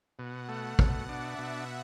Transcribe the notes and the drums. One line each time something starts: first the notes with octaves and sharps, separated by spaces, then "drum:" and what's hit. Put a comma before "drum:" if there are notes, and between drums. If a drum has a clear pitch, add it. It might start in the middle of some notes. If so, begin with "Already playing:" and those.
B2 F#5
A3
F#5
B2, drum: kick
D4 E5
B2